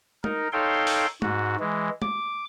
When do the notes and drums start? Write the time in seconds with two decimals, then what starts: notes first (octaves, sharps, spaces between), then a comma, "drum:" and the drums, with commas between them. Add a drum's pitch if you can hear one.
0.24 D#4 A#4, drum: tom
0.53 D#4 A4 C#5 F5 G5 C6
0.87 drum: open hi-hat
1.22 G#2 F#4, drum: tom
1.60 E3 G#3
2.02 D6, drum: tom